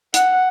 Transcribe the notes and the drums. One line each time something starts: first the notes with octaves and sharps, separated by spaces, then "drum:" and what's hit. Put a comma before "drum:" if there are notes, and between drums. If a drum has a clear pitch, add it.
F#5, drum: hi-hat